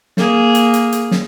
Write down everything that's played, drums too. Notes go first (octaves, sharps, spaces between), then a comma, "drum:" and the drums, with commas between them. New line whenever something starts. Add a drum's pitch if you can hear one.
A#3 G#4, drum: snare
drum: hi-hat
drum: hi-hat
drum: hi-hat
drum: snare